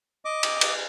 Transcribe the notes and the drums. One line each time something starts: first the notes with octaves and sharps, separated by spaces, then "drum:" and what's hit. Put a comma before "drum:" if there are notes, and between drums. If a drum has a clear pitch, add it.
D#5 D6
drum: cymbal
drum: cymbal